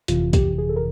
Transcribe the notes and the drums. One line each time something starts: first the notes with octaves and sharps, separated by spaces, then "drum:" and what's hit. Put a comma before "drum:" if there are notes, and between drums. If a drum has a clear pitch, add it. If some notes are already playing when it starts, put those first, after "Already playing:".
G1 F2 C3 E3 F4, drum: hi-hat
G4, drum: kick, hi-hat
G#4
A4
A#4